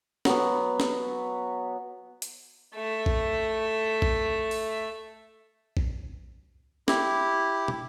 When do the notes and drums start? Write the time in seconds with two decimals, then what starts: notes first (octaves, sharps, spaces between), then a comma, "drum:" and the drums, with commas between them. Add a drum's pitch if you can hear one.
0.25 F#3 B3, drum: snare
0.80 drum: snare
2.22 drum: hi-hat
2.75 A3 E5
3.06 drum: kick
4.02 drum: kick
4.51 drum: open hi-hat
5.77 drum: kick
6.88 E4 G4, drum: snare
7.68 drum: tom